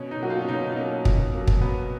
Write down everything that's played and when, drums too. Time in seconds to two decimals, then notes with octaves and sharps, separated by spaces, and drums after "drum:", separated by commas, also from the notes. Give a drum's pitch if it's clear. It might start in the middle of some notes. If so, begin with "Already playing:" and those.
Already playing: B2 C#4
0.11 D#4
0.20 F#3 A#3 F#4
0.30 F4
0.41 C#4
0.48 B2 D#4
0.72 D#4
0.77 F#3 A#3 C#4
1.05 B2, drum: kick
1.33 F#3 A#3
1.47 drum: kick
1.61 B2 B3